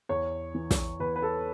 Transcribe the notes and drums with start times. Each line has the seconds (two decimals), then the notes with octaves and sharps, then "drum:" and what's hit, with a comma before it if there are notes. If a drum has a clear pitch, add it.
0.09 E2 C#5
0.54 E3
0.71 drum: snare
1.00 E2 B4
1.16 B4
1.22 A4